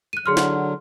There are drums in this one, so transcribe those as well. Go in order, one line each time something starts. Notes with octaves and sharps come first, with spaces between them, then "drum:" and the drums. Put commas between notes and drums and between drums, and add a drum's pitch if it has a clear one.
F#6 D#7
D3 F#3 G#4 C6 F6
drum: snare